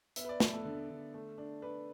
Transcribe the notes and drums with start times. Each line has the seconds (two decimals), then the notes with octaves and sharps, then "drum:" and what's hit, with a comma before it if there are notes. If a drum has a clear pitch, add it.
0.16 B3 E5, drum: hi-hat
0.25 B4
0.29 D5
0.40 B3 D5, drum: snare
0.53 A4
0.65 D3
0.90 D3
1.14 A3
1.38 D4
1.62 D4 B4